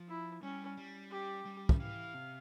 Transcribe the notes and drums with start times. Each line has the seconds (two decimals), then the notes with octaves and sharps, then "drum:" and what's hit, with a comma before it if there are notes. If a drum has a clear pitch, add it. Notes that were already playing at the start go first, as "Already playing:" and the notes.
Already playing: F3
0.08 E4
0.42 G3 C#4
0.77 G3
1.11 G4
1.46 G3
1.69 drum: kick
1.80 E3 F5
2.14 C3